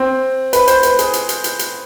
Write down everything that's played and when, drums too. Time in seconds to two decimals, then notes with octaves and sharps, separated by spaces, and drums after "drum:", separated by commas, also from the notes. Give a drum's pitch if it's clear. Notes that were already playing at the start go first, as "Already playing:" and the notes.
Already playing: C4
0.53 B4, drum: hi-hat
0.67 C5, drum: hi-hat
0.83 B4, drum: hi-hat
0.99 G#4, drum: hi-hat
1.13 drum: hi-hat
1.29 drum: hi-hat
1.44 drum: hi-hat
1.59 drum: hi-hat